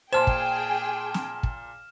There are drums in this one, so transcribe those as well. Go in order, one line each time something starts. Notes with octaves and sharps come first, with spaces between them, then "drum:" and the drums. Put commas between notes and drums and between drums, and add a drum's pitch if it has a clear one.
A#2 G#4 C5 G5 A5 C6 F6 E7
drum: kick
drum: snare
drum: kick